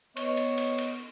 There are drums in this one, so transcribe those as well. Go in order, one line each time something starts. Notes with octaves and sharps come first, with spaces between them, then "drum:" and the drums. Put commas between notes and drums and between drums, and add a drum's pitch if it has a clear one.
B3 C#5 D#5, drum: cymbal
drum: cymbal
drum: cymbal
drum: cymbal